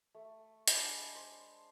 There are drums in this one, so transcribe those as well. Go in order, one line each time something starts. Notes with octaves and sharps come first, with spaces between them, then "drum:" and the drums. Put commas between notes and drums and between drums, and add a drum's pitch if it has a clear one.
A3
G#3 D4 A5 B5, drum: hi-hat
C5